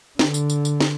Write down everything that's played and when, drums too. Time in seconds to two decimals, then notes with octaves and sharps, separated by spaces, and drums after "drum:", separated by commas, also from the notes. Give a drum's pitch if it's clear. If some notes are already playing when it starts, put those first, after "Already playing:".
0.19 D3, drum: snare
0.34 drum: tambourine
0.50 drum: tambourine
0.65 drum: tambourine
0.80 drum: snare